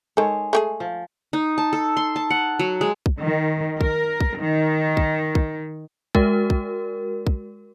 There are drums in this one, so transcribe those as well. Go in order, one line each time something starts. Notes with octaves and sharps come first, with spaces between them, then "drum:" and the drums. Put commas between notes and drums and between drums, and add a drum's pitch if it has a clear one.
D#3 G#3 A4 C#5
A3 G4 G#4
F3
D#4
A5
A4
C6
A5
F#5
F#3
G#3
drum: kick
D#3
A#4, drum: kick
drum: kick
D#3
drum: kick
drum: kick
G#3 F#4 A#4, drum: kick
drum: kick
drum: kick